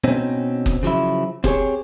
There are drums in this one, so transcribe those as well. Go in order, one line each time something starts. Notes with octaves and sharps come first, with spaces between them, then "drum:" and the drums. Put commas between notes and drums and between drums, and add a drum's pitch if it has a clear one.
B2 C4 C#4 D#4
drum: kick
C#3 F3 F#3 E4
C4 G4 G#4 C#5, drum: kick